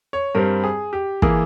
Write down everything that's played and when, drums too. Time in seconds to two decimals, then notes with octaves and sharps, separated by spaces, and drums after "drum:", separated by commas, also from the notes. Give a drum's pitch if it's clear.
0.13 C#5
0.35 G2 G3 C4 A#4
0.64 G#4
0.93 G4
1.22 E3 A#3 G#4, drum: kick